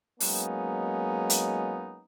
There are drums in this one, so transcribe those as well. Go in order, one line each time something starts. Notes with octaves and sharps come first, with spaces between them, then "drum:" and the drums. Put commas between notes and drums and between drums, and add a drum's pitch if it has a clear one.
F#3 G#3 A#3 B3 C#4 D#4, drum: open hi-hat
drum: hi-hat